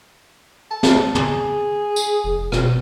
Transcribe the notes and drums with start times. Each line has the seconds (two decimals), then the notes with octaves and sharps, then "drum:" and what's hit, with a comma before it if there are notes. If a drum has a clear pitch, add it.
0.71 A5
0.83 drum: snare
1.15 G#4, drum: tom
1.96 drum: tambourine
2.24 F1
2.52 B2, drum: rim click